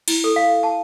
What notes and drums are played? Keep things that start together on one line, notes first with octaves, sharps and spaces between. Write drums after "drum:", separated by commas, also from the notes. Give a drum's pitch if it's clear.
E4, drum: cymbal
A4
F5
A5